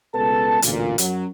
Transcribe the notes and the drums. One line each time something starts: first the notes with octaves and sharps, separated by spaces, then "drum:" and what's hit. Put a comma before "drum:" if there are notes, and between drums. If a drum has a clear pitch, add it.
C#2 B2 A4 B4 A5
A1 D2 A#2, drum: hi-hat
F#2 F#3, drum: hi-hat